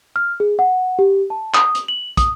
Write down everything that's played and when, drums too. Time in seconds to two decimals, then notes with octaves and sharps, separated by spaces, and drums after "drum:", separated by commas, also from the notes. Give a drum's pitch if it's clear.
0.16 F6
0.40 G#4
0.59 F#5
0.99 G4
1.30 A5
1.54 D#6, drum: clap
1.75 drum: hi-hat
1.88 F#7
2.17 D#6, drum: kick, hi-hat